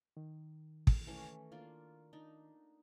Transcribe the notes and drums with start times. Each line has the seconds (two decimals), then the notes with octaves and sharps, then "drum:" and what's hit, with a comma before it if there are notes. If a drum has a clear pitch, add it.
0.17 D#3
0.87 drum: kick
1.07 E3 A3 C#4
1.52 A#3 D4 F4
2.13 D4 D#4